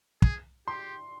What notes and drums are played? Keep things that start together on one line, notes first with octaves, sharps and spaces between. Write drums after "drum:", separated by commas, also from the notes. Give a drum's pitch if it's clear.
G#4, drum: kick
G4 C6